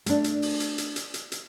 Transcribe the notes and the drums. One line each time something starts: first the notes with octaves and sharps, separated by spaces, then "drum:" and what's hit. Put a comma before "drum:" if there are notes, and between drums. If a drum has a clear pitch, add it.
A3 D4, drum: hi-hat
drum: hi-hat
drum: open hi-hat
drum: hi-hat
drum: hi-hat
drum: hi-hat
drum: hi-hat
drum: hi-hat